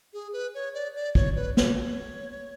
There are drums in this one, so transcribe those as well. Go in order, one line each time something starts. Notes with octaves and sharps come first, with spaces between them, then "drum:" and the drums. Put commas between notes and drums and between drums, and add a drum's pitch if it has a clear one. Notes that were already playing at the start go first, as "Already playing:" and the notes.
G#4
B4
C#5
D5
D5
C#5, drum: kick
B4
C#5, drum: snare